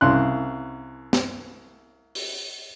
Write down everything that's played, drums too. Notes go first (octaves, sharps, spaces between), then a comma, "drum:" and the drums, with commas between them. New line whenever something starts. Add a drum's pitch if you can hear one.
C2 C#3 C6 F#6
drum: snare
drum: open hi-hat